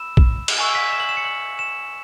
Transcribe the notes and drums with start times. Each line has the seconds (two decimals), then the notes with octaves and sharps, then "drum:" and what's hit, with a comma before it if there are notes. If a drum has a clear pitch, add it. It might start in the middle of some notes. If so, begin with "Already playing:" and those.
Already playing: B5 E6 E7
0.17 drum: kick A#1
0.48 drum: cymbal
0.58 G#5 C#6 E6
0.75 B6
0.92 E7
1.00 F#7
1.09 E7
1.17 C#7
1.25 F#7
1.59 E7